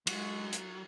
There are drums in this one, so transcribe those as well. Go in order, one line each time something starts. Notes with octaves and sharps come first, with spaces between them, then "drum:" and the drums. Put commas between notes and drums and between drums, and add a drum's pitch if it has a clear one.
F#3 G#3, drum: cymbal
drum: hi-hat